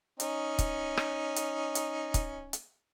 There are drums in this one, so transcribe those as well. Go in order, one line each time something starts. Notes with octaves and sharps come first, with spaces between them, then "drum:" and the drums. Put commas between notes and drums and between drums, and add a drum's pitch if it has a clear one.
C#4 D#4, drum: hi-hat
drum: kick, hi-hat
drum: rim click
drum: hi-hat
drum: hi-hat
drum: kick, hi-hat
drum: hi-hat